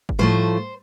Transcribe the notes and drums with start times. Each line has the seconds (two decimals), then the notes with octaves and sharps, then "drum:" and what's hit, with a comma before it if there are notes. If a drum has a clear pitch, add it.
0.09 drum: kick F#1
0.19 A2 F3 A3 C5